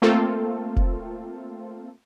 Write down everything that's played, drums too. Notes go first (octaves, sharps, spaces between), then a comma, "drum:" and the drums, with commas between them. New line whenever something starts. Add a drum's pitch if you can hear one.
A3 A#3 C4 F4 A4
drum: kick F1